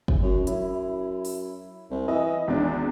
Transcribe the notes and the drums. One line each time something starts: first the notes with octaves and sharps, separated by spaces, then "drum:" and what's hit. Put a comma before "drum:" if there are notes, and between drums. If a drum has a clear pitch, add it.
drum: kick F#1
F#2
F#2 E4, drum: hi-hat
drum: open hi-hat
C2
E3 D#5
G#1 E2 D4